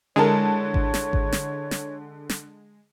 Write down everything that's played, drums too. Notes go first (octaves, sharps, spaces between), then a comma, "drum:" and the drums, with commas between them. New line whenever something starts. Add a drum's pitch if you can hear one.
D3 G#3 E4 A4 A#4 C#5 A5
drum: kick G#1
drum: snare
drum: kick G#1
drum: snare
drum: snare
drum: snare